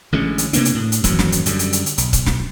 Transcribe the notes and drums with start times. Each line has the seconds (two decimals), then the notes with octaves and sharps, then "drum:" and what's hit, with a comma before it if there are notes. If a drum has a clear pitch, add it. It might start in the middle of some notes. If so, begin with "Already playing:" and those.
0.12 A1 D3 G#3 C#4
0.38 drum: hi-hat
0.53 C3 A#3 B3 D4, drum: hi-hat
0.65 drum: hi-hat
0.75 A2
0.92 drum: hi-hat
1.04 D#1 F#2 E3 F#3, drum: kick, hi-hat
1.19 drum: snare
1.32 drum: hi-hat
1.46 F#2 D3 G3, drum: hi-hat
1.59 drum: hi-hat
1.73 drum: hi-hat
1.86 drum: hi-hat
1.98 B1, drum: hi-hat
2.13 drum: kick, hi-hat
2.26 drum: snare